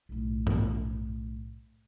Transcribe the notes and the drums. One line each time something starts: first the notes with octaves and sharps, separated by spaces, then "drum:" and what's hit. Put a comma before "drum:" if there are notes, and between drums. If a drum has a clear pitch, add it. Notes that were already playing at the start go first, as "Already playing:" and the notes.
B1 A2
drum: tom G2